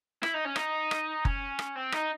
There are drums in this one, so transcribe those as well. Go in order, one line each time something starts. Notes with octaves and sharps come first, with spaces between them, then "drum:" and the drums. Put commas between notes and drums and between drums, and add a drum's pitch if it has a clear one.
E4, drum: rim click
D#4
C#4
D#4, drum: rim click
drum: rim click
C#4, drum: kick F#1
drum: rim click
C4
D#4, drum: rim click